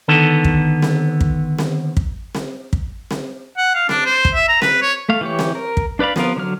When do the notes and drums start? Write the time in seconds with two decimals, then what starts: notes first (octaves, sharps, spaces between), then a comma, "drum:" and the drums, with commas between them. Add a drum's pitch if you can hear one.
0.08 D3 D#3 B3 A4
0.44 drum: kick
0.83 drum: snare C4
1.21 drum: kick
1.59 drum: snare C4
1.97 drum: kick
2.35 drum: snare C4
2.73 drum: kick
3.11 drum: snare C4
3.57 F#5
3.75 F5
3.89 D4, drum: snare C4
4.06 C5
4.25 drum: kick
4.35 E5
4.49 A#5
4.62 B4, drum: snare C4
4.82 C#5
5.09 A3 F5
5.21 E3 G4 C#5
5.39 drum: snare C4
5.55 A#4
5.77 drum: kick
5.99 D4 B4 D5 F5 B5
6.16 F3 B3 F4 A#4, drum: snare C4
6.36 D3 F#3 F6